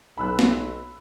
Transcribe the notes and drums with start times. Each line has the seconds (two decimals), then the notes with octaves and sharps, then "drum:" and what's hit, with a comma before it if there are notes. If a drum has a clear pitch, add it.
0.18 B1 B5 E6 F#6
0.39 drum: snare